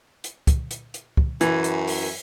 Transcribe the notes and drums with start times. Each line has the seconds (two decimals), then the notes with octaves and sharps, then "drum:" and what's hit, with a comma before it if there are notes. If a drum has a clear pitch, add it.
0.24 drum: hi-hat
0.47 drum: kick, hi-hat
0.71 drum: hi-hat
0.94 drum: hi-hat
1.17 drum: kick
1.41 F#2 E3, drum: hi-hat
1.64 drum: hi-hat
1.87 drum: open hi-hat